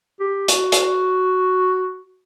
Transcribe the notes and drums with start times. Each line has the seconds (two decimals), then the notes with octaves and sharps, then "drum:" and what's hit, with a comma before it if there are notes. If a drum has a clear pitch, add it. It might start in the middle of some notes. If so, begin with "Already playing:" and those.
0.20 G4
0.48 F#4, drum: hi-hat
0.72 drum: hi-hat